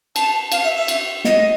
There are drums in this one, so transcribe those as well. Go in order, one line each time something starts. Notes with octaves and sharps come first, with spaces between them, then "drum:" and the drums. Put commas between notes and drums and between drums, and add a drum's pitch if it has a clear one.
A5, drum: cymbal
F5, drum: cymbal
E5
E5
drum: cymbal
D#5, drum: snare